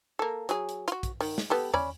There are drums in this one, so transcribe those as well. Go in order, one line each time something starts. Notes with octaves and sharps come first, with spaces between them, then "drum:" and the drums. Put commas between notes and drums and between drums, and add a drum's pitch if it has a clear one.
A#3 A4
F#3 G#4, drum: hi-hat
drum: hi-hat
F4 F#4, drum: hi-hat
drum: kick, hi-hat
D#3, drum: open hi-hat
drum: snare
B3 G4 A4
C#4 D5 B5, drum: tom E2